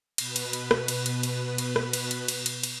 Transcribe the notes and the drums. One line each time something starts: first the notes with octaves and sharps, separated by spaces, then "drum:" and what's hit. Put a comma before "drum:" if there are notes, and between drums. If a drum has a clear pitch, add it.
B2 B4, drum: cymbal
drum: cymbal
drum: cymbal
drum: rim click
drum: cymbal
drum: cymbal
drum: cymbal
drum: cymbal
drum: rim click
drum: cymbal
drum: cymbal
drum: cymbal
drum: cymbal
drum: cymbal